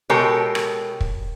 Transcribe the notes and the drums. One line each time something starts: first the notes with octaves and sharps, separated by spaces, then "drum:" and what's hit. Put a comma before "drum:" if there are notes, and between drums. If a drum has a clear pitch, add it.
B2 G#3 G4 A4 A#4 C#5
drum: rim click
drum: kick